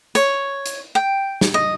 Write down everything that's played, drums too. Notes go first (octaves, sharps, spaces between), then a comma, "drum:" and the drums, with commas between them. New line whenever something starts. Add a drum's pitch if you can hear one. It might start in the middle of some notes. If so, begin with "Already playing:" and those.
C#5, drum: hi-hat
drum: hi-hat
G5
drum: snare
D#5